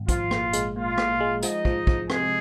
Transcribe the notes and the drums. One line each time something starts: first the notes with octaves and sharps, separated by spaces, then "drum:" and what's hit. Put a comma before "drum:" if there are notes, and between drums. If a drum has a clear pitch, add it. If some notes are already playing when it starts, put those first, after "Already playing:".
Already playing: G#1
F3 F4, drum: kick, hi-hat
A#2, drum: rim click
G#3, drum: hi-hat
A#2 F4
A#2, drum: rim click
G#3
F3 D#4 D#5, drum: hi-hat
F3, drum: kick
F3, drum: kick
C3 G#3 G#4, drum: rim click